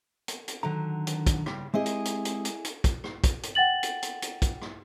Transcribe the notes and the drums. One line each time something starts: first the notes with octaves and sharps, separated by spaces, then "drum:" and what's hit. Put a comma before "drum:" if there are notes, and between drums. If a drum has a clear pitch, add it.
drum: hi-hat
drum: hi-hat
D3 D#3 F#3 A#5
drum: hi-hat
drum: kick, hi-hat
C#3 G3, drum: rim click
G#3 C4 E4 G4 G#4 D#5
drum: hi-hat
drum: hi-hat
drum: hi-hat
drum: hi-hat
drum: hi-hat
drum: kick, hi-hat
drum: rim click
drum: kick, hi-hat
drum: hi-hat
F#5 G5 A6 F#7
drum: hi-hat
drum: hi-hat
drum: hi-hat
drum: kick, hi-hat
drum: rim click